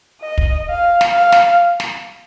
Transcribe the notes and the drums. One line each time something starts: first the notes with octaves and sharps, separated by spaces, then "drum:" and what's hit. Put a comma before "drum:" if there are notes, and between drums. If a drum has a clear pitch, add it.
D#5
drum: kick
F5
drum: snare
F5
drum: snare
drum: snare